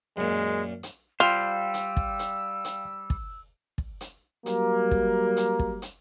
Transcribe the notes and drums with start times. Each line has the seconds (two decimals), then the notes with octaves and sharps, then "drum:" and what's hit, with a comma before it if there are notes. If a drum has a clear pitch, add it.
0.17 F#2 A#2 G#3
0.83 drum: hi-hat
1.20 G3 F4 C5 F5 G5 E6
1.74 drum: hi-hat
1.97 drum: kick
2.19 drum: hi-hat
2.65 drum: hi-hat
3.10 drum: kick
3.78 drum: kick
4.01 drum: hi-hat
4.46 F#3 G3 A#3, drum: hi-hat
4.91 drum: kick
5.37 drum: hi-hat
5.59 drum: kick
5.82 drum: hi-hat